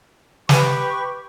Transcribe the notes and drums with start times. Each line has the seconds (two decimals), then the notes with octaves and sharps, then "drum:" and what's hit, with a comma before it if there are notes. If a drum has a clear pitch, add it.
0.49 G4 B4 C#6, drum: snare